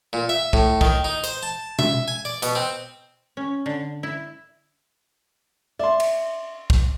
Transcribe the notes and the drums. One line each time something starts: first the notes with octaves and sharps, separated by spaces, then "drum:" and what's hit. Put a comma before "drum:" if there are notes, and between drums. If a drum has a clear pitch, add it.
A#2
E5
A2, drum: kick
D#3, drum: kick
D#4
C5, drum: hi-hat
A5
E5, drum: tom B2
G#5
D5
B2, drum: hi-hat
C4
C#4
D3
E4
D5 E5 C6
drum: cymbal
drum: kick